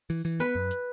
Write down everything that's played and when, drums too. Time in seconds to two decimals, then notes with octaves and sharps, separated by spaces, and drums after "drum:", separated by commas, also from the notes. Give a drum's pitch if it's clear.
0.10 E3, drum: open hi-hat
0.25 E3
0.40 B3 B4
0.55 F#2
0.71 drum: hi-hat